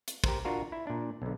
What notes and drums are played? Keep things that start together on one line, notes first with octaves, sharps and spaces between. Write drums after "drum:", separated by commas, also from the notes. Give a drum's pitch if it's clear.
drum: hi-hat
G4 A#4 C5, drum: kick
D4 F4 F#4 A#4
E4
A#2 D4
B1 D3